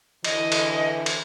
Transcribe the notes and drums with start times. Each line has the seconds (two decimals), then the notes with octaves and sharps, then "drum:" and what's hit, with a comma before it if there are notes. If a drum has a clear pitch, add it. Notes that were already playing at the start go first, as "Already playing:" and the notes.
0.24 D3 E3 D#5, drum: cymbal
0.52 drum: cymbal
1.06 drum: cymbal